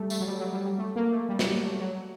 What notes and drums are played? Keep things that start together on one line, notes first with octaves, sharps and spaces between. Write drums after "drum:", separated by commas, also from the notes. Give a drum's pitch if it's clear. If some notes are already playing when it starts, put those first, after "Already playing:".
Already playing: G3 A3
A3, drum: tambourine
F#3
G3
F#3
G3
G3
A3
A#3
A3
G3
F#3, drum: snare
G3
A3
F#3